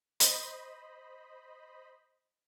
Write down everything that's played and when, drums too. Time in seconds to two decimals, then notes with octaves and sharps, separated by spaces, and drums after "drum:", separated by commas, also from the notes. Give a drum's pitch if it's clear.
0.20 C5 D#5 B5, drum: hi-hat